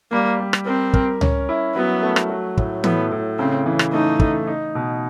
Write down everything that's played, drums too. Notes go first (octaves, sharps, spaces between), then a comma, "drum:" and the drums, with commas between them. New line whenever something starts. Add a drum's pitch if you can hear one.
G3 A#3
G3
drum: rim click
C4 A#4
A#4, drum: kick
C#4, drum: tom C#2
E4
F#3 B3
A3
drum: rim click
F#3
A2, drum: kick
A2 B3, drum: tom
A2
C#3 C4
E3
drum: rim click
A3 D#4
A3, drum: kick
D#4
B2